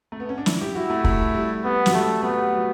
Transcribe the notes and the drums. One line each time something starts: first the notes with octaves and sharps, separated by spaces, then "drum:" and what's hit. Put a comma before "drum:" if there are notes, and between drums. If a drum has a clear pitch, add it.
A3
B3
C#4
D4
E4, drum: snare
G4
E4 F#4
A3
A3, drum: kick
G3
G3 B3
F#3, drum: snare
G3 A3
A3 B3
G3
F#3